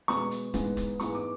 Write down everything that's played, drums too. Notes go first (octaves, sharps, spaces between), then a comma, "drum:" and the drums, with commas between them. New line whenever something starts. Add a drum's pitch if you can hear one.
B2 G#3 B3 C#6, drum: snare
drum: hi-hat
G#2 E3 G#3 B3, drum: kick, hi-hat
drum: kick, hi-hat
G#2 E3 G#3 B3 C#6, drum: hi-hat
D6